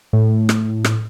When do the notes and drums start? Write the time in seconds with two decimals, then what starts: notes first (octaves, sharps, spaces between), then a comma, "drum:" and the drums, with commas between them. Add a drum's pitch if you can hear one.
0.13 A2
0.49 drum: rim click
0.84 drum: rim click